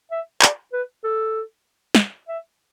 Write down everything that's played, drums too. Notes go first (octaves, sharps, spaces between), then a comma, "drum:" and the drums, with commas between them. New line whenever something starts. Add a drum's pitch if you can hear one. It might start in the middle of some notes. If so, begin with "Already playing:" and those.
E5
D5, drum: clap
B4
A4
drum: snare
E5